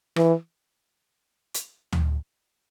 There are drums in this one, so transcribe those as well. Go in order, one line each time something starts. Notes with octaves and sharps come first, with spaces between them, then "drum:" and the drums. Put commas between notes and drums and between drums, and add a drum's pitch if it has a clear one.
E3, drum: rim click
drum: hi-hat
drum: tom